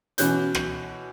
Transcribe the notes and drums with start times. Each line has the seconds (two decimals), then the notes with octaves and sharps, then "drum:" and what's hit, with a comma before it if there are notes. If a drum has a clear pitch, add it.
0.18 B2 E3 C#4 F#6 G6, drum: hi-hat
0.55 drum: rim click